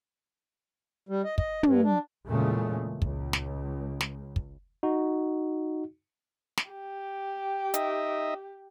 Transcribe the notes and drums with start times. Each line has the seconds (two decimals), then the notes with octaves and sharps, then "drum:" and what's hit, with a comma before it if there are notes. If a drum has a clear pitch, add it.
1.09 G3
1.24 D#5
1.38 D#5, drum: kick
1.63 G2, drum: tom
1.83 D4
2.27 E2 A#2 C#3 G#3 A3
3.02 C#2, drum: kick
3.33 drum: snare
4.01 drum: snare
4.36 drum: kick
4.83 D#4 F#4
6.57 drum: snare
6.70 G4
7.74 D#4 D#5 E5, drum: hi-hat